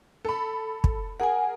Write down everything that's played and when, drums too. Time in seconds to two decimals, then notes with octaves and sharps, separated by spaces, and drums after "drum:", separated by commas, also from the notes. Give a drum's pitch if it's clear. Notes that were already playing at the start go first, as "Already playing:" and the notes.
0.25 A4 B5
0.84 drum: kick
1.20 G#4 A#4 F#5 G#5